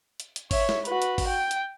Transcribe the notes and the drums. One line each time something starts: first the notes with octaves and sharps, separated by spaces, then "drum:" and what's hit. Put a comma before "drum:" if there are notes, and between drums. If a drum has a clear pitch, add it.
drum: hi-hat
drum: hi-hat
C#5 E5, drum: kick, open hi-hat
drum: snare
F#4 B4, drum: hi-hat
drum: hi-hat
drum: kick, open hi-hat
G5
drum: hi-hat